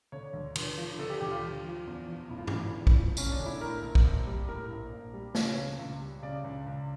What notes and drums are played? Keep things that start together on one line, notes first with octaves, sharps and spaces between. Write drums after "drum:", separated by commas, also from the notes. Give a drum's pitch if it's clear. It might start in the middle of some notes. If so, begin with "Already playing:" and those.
D3 C#5
D2
D2, drum: cymbal
F3
D3 A4
G4
D2 G4
F4
D2
F3
E2
F3
E1 E4
F4
D3 E4, drum: tom G2
E2
drum: kick
F3
E1 C#4, drum: tambourine
D4
D3
E4
A2 A#4
A#1
drum: kick
A#1
G3
A2 A#4
A#1
A#1
G3
C#3 C#5, drum: snare
C#2
C#2
G3
C#3 D5
C#2
C#2